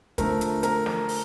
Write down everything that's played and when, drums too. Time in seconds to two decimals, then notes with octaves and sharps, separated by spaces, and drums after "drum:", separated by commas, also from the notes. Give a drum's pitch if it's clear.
0.18 D3 F3 A3 A#4, drum: kick, hi-hat
0.41 drum: hi-hat
0.63 A#4, drum: hi-hat
0.86 drum: snare
1.09 drum: open hi-hat